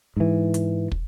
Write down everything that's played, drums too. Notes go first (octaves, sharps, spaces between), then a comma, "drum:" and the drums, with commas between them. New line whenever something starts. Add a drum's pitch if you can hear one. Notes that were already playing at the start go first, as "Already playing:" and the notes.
G#2 E3
drum: hi-hat
drum: kick